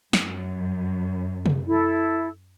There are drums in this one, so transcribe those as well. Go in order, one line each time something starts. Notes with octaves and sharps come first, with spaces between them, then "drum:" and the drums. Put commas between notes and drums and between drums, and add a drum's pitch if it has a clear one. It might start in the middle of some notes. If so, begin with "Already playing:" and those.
F#2, drum: snare
drum: tom C3
E4 A4